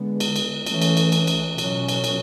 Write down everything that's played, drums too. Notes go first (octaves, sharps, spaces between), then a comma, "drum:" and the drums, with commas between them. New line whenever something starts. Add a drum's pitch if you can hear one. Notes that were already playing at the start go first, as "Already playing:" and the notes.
Already playing: D3 G#3 B3
drum: cymbal
drum: cymbal
E3 A3 C#4, drum: cymbal
drum: cymbal
drum: cymbal
drum: cymbal
drum: cymbal
B2 F#3 C#4, drum: cymbal
drum: cymbal
drum: cymbal